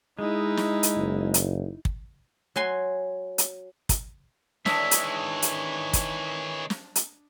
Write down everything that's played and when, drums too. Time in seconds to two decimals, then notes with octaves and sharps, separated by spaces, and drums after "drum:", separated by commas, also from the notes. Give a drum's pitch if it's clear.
0.19 G#3 D#4 E4
0.57 drum: snare
0.83 drum: hi-hat
0.96 F#1
1.34 drum: hi-hat
1.85 drum: kick
2.56 F#3 F#5 G#5 C6
3.38 drum: hi-hat
3.89 drum: kick, hi-hat
4.66 D#3 E3 G#3 D4 C#5 D#5 E5, drum: snare
4.91 drum: hi-hat
5.42 drum: hi-hat
5.93 drum: kick, hi-hat
6.70 drum: snare
6.96 drum: hi-hat